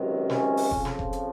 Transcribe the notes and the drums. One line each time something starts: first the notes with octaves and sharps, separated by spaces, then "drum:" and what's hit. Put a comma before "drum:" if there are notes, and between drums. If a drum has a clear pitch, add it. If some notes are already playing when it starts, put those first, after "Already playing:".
Already playing: C#2 C3 D#3 F#3
C#4, drum: snare
drum: open hi-hat
F2 C#3 F3, drum: kick F1
drum: snare
drum: kick F1
drum: hi-hat